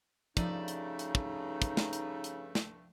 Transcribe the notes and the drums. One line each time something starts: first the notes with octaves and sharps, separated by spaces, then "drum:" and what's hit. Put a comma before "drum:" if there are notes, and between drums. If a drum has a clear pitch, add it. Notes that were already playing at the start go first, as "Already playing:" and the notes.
G2 C#3 F3 A3 D#4 D5 E5, drum: kick, hi-hat
drum: hi-hat
drum: hi-hat
drum: kick
drum: kick, hi-hat
drum: snare
drum: hi-hat
drum: hi-hat
drum: snare